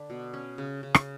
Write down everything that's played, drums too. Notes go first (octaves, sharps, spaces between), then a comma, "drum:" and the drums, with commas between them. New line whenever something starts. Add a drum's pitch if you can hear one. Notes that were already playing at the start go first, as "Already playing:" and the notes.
Already playing: D3 D4 B5
B2
C#4
C#3
C#3
drum: rim click